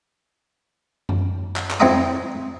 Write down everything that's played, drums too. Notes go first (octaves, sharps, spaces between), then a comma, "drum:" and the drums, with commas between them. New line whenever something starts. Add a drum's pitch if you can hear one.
drum: tom F#2
drum: clap
drum: clap
F2 C4 E4 E5 A#5 D#6